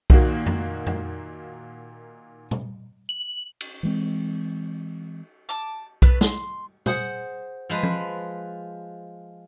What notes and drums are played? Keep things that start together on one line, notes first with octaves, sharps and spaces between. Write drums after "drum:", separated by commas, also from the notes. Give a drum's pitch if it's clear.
A#2 D#3 A#3 F#4, drum: kick B1
drum: tom F2
drum: tom F2
drum: tom A#2
F#7
drum: cymbal
E3 G#3 C4
A5 D6
A3 B3 B4 F#6, drum: kick B1
C6, drum: snare
G#4 C5 F#5, drum: tom A#2
F3 G#3 B4
drum: tom F3